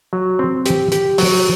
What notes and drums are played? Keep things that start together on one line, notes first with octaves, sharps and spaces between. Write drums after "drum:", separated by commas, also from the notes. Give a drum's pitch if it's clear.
F#3
C4
G4, drum: hi-hat
G4, drum: hi-hat
F#3, drum: open hi-hat